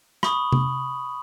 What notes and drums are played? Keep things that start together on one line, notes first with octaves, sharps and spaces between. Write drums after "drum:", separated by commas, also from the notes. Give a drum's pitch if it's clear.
B5 C#6 D#6 F#7, drum: rim click
drum: tom C3